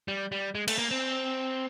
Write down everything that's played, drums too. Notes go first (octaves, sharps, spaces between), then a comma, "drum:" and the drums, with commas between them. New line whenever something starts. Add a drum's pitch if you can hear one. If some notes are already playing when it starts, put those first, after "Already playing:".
G3
G3
G#3
A3, drum: cymbal
A#3
C4